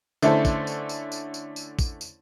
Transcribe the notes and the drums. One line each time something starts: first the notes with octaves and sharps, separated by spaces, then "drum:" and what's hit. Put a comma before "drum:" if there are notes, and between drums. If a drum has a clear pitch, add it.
D3 A3 C#4 E4 A4 C5, drum: tambourine
drum: kick, tambourine
drum: tambourine
drum: tambourine
drum: tambourine
drum: tambourine
drum: tambourine
drum: kick, tambourine
drum: tambourine